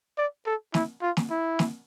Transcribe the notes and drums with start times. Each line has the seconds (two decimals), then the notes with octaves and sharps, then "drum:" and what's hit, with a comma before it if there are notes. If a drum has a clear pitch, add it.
0.18 D5
0.46 A4
0.74 E4, drum: snare
1.02 F4
1.17 drum: snare
1.31 E4
1.59 drum: snare